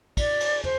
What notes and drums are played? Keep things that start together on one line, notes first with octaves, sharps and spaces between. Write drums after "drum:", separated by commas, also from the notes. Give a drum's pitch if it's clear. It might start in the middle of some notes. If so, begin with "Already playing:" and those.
D5, drum: kick, cymbal
drum: cymbal
C5, drum: tom